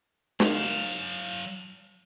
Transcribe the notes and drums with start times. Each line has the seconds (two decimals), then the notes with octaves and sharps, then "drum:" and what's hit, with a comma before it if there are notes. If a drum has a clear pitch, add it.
0.40 F#3 F5, drum: snare